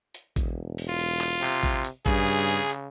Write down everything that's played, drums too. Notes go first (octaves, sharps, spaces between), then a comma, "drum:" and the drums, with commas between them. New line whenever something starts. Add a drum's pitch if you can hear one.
drum: hi-hat
E1, drum: kick A1, hi-hat
drum: open hi-hat
F4
drum: hi-hat
drum: clap
C3, drum: hi-hat
drum: kick A1, hi-hat
drum: hi-hat
G2 C#3 G#4, drum: kick A1, hi-hat
drum: hi-hat
drum: open hi-hat
drum: hi-hat